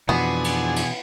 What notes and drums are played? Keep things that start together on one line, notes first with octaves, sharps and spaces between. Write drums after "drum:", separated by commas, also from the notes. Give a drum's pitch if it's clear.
F2 B2 E3 B3 D4 F#4 G#4
drum: cymbal
drum: cymbal